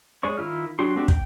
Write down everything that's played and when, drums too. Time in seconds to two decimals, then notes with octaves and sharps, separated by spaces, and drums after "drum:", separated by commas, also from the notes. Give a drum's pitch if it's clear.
0.23 G#3 G#4 C#5 D5 C#6
0.37 D#3 E4 F4 F6
0.79 F#3 D4 F#4 G4 C6
0.96 A3 C4 D4 F#4 G4
1.08 G5, drum: kick